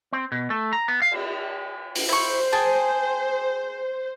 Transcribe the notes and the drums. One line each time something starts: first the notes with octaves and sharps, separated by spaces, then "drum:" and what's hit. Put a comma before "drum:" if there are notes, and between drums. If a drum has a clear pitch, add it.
C4
B2
A3
A#5
B3
F5
drum: cymbal
drum: open hi-hat
E4 C5 C#6
G#4 G5 A5